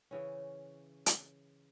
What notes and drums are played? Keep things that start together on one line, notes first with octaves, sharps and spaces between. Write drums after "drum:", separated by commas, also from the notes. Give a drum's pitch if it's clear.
C#3 E3 C#4
drum: hi-hat